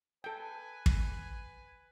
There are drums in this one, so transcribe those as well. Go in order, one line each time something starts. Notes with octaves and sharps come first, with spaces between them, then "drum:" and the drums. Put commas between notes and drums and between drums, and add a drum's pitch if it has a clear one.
A4 B4 G5 G#5
drum: kick